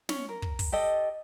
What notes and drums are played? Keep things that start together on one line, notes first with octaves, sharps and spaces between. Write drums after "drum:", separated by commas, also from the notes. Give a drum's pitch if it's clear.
C#4, drum: snare
A#4
drum: kick
drum: kick, open hi-hat
G4 A4 D#5